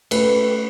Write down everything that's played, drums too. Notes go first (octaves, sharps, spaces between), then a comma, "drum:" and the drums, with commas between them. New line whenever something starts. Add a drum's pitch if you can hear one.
A3 B4, drum: cymbal